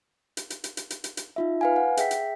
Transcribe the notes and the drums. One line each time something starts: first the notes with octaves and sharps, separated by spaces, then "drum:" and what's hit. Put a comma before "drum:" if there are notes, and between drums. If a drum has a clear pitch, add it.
drum: hi-hat
drum: hi-hat
drum: hi-hat
drum: hi-hat
drum: hi-hat
drum: hi-hat
drum: hi-hat
D#4 F4 E5
B4 F5 G#5
F#5
G#4 E5 G5 B6, drum: hi-hat
drum: hi-hat